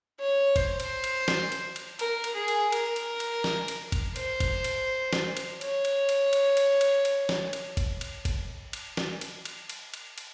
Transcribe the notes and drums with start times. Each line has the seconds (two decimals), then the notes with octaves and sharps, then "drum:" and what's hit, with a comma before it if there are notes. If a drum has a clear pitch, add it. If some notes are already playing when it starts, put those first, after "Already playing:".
0.20 C#5
0.56 C5, drum: kick, cymbal
0.80 drum: cymbal
1.04 drum: cymbal
1.28 drum: snare
1.52 drum: cymbal
1.76 drum: cymbal
1.99 A#4, drum: cymbal
2.24 drum: cymbal
2.35 G#4
2.48 drum: cymbal
2.72 A#4, drum: cymbal
2.96 drum: cymbal
3.20 drum: cymbal
3.44 drum: snare
3.68 drum: cymbal
3.92 drum: kick, cymbal
4.16 C5, drum: cymbal
4.40 drum: kick, cymbal
4.64 drum: cymbal
5.13 drum: snare
5.37 drum: cymbal
5.61 C#5, drum: cymbal
5.85 drum: cymbal
6.09 drum: cymbal
6.33 drum: cymbal
6.57 drum: cymbal
6.81 drum: cymbal
7.05 drum: cymbal
7.29 drum: snare
7.53 drum: cymbal
7.77 drum: kick, cymbal
8.01 drum: cymbal
8.25 drum: kick, cymbal
8.73 drum: cymbal
8.97 drum: snare
9.21 drum: cymbal
9.45 drum: cymbal
9.70 drum: cymbal
9.94 drum: cymbal
10.18 drum: cymbal